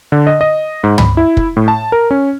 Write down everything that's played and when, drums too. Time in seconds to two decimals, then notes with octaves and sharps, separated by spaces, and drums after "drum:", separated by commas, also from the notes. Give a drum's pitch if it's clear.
0.12 D3
0.27 D#5
0.41 D#5
0.84 G#2
0.98 B5, drum: tom
1.17 E4
1.37 drum: kick
1.57 A2
1.68 A5
1.92 A#4
2.11 C#4